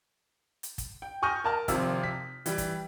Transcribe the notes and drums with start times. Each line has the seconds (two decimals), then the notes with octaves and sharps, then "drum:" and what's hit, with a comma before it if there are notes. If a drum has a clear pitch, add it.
0.63 drum: hi-hat
0.78 drum: kick, hi-hat
1.02 G5
1.22 G#5 C#6 D#6 F6 G6 A#6
1.44 A#4 A5 F6
1.68 G#1 C3 F3, drum: kick, hi-hat
2.03 B6
2.46 E3 G3, drum: hi-hat
2.58 drum: kick, hi-hat